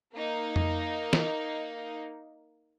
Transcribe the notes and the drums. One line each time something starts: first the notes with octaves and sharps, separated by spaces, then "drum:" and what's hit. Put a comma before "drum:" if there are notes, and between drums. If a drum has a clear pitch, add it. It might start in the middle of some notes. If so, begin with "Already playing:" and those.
A#3 D#4
drum: tom F2
drum: snare